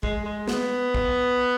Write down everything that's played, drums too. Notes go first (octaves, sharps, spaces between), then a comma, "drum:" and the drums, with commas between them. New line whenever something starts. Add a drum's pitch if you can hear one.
G#3, drum: kick
G#3
B3, drum: snare
drum: kick